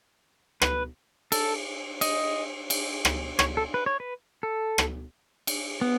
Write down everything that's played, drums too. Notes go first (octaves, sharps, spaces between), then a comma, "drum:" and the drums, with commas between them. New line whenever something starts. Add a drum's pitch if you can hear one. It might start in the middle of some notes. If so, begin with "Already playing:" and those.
B4, drum: rim click
A4, drum: cymbal
D#5, drum: cymbal
drum: cymbal
drum: rim click
C#5, drum: rim click
A4
B4
C#5
B4
A4
drum: rim click
drum: cymbal
B3